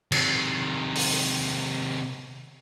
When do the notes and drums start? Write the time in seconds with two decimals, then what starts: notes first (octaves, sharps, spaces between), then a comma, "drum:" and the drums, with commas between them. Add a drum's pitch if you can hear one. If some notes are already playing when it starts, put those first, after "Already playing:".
0.12 C3 D#3, drum: cymbal
0.96 drum: open hi-hat